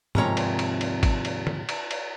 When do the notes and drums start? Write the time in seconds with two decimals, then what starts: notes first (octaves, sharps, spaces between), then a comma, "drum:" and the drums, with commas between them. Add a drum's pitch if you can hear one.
0.15 D#2 G#2 C3 F3 C#5 A#5, drum: tom
0.37 drum: cymbal
0.59 drum: cymbal
0.81 drum: cymbal
1.03 drum: kick G#1, cymbal
1.25 drum: cymbal
1.47 drum: tom
1.69 drum: cymbal
1.91 drum: cymbal